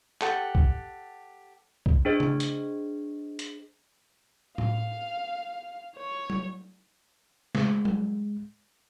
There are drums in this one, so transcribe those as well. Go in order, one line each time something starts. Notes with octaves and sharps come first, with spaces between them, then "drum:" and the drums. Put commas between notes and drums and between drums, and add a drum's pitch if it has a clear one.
G4 A4 F#5 G5, drum: clap
drum: kick
drum: kick
D4 G#4 C5 D#5
drum: tom C#3
drum: hi-hat
drum: hi-hat
F5, drum: tom A2
C#5
drum: tom F#3
G#3, drum: snare
drum: tom F#3